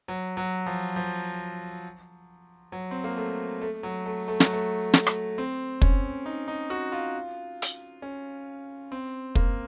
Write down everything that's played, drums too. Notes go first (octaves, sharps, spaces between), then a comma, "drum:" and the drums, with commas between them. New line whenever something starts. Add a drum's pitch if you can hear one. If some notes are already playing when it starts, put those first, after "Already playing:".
F#3
F#3
F3
F3
F#3
C4
A#3
A3
A3
F#3
A3
A3
F#3, drum: snare
A3
drum: snare
drum: rim click
C4
C#4, drum: kick
D#4
D#4
F#4
F4
drum: hi-hat
C#4
C4
A#3, drum: kick